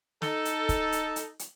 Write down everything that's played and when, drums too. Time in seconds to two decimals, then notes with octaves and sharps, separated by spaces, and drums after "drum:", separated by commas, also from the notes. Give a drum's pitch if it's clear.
0.22 D#4 A4, drum: snare
0.45 drum: hi-hat
0.69 drum: kick, hi-hat
0.92 drum: hi-hat
1.16 drum: hi-hat
1.39 drum: hi-hat